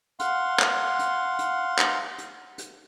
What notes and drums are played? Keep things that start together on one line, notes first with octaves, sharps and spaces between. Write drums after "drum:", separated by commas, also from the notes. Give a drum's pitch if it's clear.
F5 F#5 C6, drum: hi-hat
drum: clap
drum: hi-hat
drum: hi-hat
drum: clap
drum: hi-hat
drum: hi-hat